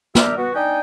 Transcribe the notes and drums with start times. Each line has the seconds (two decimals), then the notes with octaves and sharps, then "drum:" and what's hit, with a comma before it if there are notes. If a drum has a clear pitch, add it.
0.15 D4 G4 A#4 E5, drum: snare
0.36 B3 F#4
0.54 D4 D#4 D#5 G5 G#5